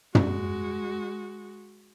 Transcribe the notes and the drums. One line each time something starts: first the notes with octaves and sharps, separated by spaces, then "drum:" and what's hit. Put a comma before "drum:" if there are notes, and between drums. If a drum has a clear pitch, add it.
G#3 F#4, drum: tom